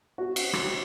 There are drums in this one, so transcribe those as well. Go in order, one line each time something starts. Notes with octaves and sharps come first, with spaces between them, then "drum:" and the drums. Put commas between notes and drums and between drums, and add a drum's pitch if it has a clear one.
F#4
drum: cymbal
drum: rim click